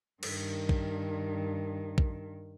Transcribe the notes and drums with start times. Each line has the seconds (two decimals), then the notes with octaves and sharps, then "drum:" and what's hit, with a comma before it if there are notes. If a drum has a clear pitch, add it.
0.23 G2 D#3, drum: cymbal
0.69 drum: kick A#1
1.98 drum: kick A#1